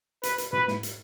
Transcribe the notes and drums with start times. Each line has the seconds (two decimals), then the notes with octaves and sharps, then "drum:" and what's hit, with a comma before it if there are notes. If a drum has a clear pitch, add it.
0.23 B4, drum: hi-hat
0.38 drum: hi-hat
0.53 B4, drum: tom
0.68 drum: snare
0.83 drum: hi-hat